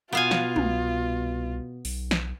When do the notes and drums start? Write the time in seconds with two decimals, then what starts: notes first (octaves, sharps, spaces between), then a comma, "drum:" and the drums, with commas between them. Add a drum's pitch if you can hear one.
0.13 B2 B3 F4 F5 G#5
0.31 drum: snare
0.56 C2, drum: tom
1.85 B1, drum: open hi-hat
2.11 drum: snare